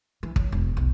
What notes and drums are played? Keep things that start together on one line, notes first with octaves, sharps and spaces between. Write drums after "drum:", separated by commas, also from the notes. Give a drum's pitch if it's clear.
E3
F#3, drum: kick
E1
B1